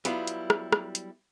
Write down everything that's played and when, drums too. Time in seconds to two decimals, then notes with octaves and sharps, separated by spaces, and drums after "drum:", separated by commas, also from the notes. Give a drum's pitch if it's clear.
0.05 F#3 G3 B3 E4 F4, drum: hi-hat
0.27 drum: hi-hat
0.50 drum: rim click
0.72 drum: rim click
0.95 drum: hi-hat